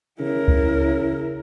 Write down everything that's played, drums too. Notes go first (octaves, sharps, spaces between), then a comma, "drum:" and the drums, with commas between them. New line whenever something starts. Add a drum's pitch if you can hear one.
C#3 E4 A#4
drum: kick C#2